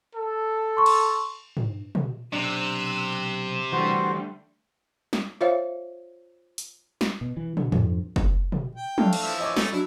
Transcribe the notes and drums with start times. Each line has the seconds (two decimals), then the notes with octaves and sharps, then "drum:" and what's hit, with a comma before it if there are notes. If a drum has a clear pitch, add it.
0.15 A4
0.77 C6 C#6
0.86 drum: cymbal
1.57 drum: tom
1.95 drum: tom
2.33 B1 C3 D4 E6 F#6
3.72 D3 E3 G3 A3 F#4 C5
5.13 drum: snare
5.41 F4 C5 C#5 E5 F5
6.58 drum: hi-hat
7.01 drum: snare
7.21 B2
7.37 E3
7.57 D3, drum: tom
7.72 F2, drum: tom
8.16 drum: kick
8.52 drum: tom
8.75 G5
8.98 A3 D4 F5, drum: tom
9.13 drum: cymbal
9.23 E3 F3 E5
9.40 C#5 D#5 G#5 D6
9.57 A3, drum: snare
9.72 F#3 D4 E4 E5